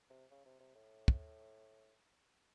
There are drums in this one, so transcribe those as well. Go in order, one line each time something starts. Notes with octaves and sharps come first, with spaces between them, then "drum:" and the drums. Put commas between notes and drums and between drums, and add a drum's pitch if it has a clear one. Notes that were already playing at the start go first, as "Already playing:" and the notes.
C3
C#3
C3
C3
A2
drum: kick